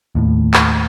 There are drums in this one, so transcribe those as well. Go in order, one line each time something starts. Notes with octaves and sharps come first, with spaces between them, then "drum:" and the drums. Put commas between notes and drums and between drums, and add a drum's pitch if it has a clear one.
D#2 A2
drum: clap